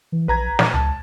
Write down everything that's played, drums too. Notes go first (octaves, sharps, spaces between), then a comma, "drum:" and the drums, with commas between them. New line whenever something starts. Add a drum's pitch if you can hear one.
E3
A#1 B4 A#5 G#6
A#2, drum: snare
C#2 A5